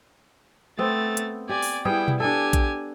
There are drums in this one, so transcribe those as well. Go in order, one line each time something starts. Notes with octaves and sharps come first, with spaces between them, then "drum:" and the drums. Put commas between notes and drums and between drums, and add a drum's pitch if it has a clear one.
A3 B3 C4 A6
drum: hi-hat
G4 D5 G#5
drum: open hi-hat
G3 B3 E4 G#4 G5
drum: tom B2
D4 G4 A4 G#5
drum: kick A#1, hi-hat